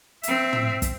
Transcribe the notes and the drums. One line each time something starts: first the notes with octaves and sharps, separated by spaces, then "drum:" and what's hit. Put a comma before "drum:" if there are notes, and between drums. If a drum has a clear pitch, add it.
C4 E5, drum: hi-hat
drum: tom
drum: kick, hi-hat